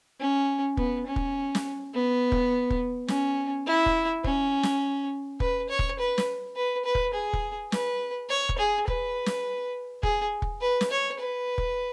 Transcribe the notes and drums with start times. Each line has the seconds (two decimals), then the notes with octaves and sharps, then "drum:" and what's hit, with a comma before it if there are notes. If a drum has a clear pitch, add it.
0.20 C#4
0.77 B3, drum: kick
1.06 C#4
1.16 drum: kick
1.55 drum: snare
1.94 B3
2.32 drum: kick
2.70 drum: kick
3.08 C#4, drum: snare
3.67 E4
3.86 drum: kick
4.24 C#4, drum: kick
4.63 drum: snare
5.40 B4, drum: kick
5.69 C#5
5.79 drum: kick
5.99 B4
6.18 drum: snare
6.56 B4
6.85 B4
6.95 drum: kick
7.14 G#4
7.33 drum: kick
7.72 B4, drum: snare
8.30 C#5
8.49 drum: kick
8.58 G#4
8.88 B4, drum: kick
9.26 drum: snare
10.03 G#4, drum: kick
10.42 drum: kick
10.61 B4
10.81 drum: snare
10.91 C#5
11.19 B4
11.58 drum: kick